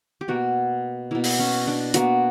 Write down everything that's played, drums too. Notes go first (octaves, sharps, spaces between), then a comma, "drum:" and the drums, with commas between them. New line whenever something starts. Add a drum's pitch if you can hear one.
G4
B2 A#3 F#4
B2 A#3 E4
drum: open hi-hat
C#4
D4
B2 A#3 F#4, drum: hi-hat